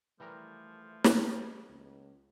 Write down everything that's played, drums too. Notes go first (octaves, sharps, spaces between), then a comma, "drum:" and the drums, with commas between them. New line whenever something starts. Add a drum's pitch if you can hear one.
E3 F3 G3 A3 A#4
drum: snare
C#2